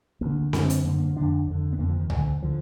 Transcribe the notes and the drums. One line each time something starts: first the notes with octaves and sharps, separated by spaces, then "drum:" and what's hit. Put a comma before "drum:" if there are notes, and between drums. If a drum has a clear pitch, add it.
D2 D3 A#3
F#2 D3 G#3, drum: snare C4
drum: hi-hat
F#2 D3 A#3
A#3
F2 D3 D4
F2 D3
B3
F2 D3 A#3
F3
D#3
D2 D3, drum: tom C2
D3 F3